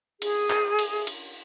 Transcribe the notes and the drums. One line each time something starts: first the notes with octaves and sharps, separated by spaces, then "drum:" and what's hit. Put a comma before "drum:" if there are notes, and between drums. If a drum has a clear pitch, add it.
G#4, drum: cymbal
drum: clap
drum: cymbal
drum: cymbal